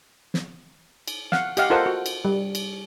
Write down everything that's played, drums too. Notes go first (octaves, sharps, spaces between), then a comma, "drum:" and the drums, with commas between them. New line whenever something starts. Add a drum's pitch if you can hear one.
drum: snare
drum: cymbal
F5 F#5, drum: snare
G4 D#5 F5 F#5, drum: cymbal
F4 A4 A#4 C5 D#5 F#5
F#4
drum: cymbal
G3
drum: cymbal